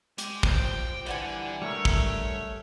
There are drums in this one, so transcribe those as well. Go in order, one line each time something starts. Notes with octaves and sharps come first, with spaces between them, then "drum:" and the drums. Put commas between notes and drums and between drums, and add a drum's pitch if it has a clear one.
G#3 G4, drum: hi-hat
F3 C5 G5, drum: kick
D3 E3 G3 D4 F#5 G#5
G3 A3 A#4 C#5 E5
drum: kick